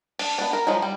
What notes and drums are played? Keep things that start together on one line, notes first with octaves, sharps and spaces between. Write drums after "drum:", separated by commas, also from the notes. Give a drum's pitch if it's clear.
D4, drum: open hi-hat
B3 D4
A#4
F3 F#3 G#3 D#4
G3